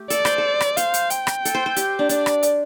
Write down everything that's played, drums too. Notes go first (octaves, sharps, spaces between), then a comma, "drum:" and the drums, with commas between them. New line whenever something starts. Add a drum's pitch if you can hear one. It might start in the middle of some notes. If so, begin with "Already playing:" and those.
Already playing: A3 G4
A4 D5, drum: hi-hat
C5, drum: rim click
A4
drum: rim click
C5 F5, drum: hi-hat
drum: hi-hat
G5, drum: hi-hat
drum: rim click
A4, drum: hi-hat
C5
C5
G4, drum: hi-hat
D4
D4 D5, drum: hi-hat
drum: rim click
drum: hi-hat